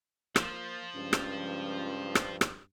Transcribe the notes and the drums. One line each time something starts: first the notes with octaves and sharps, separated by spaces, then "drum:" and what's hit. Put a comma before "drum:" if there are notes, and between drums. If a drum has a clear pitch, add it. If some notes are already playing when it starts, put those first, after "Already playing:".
F3 A#3, drum: rim click
C#2 G2
drum: rim click
drum: rim click
drum: rim click